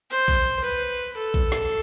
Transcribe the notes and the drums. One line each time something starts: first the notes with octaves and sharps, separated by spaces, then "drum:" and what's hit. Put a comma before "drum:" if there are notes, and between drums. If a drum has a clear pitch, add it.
C5
drum: kick A#1
B4
A4
drum: kick A#1
drum: snare